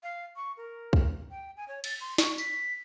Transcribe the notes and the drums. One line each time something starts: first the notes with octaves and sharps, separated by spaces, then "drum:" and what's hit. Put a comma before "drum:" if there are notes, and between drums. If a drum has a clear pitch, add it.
F5
C#6
A#4
drum: kick C2
G5
G#5
C#5
A6, drum: cymbal
C6
C#6, drum: snare
B6, drum: tambourine